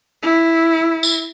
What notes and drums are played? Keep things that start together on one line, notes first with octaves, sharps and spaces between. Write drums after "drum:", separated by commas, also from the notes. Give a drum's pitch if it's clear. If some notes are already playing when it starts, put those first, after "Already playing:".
E4
drum: tambourine